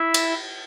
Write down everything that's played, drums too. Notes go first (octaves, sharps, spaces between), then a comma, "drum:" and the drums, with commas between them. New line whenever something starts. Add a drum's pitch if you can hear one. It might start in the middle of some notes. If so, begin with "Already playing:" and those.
Already playing: E4 E5
drum: cymbal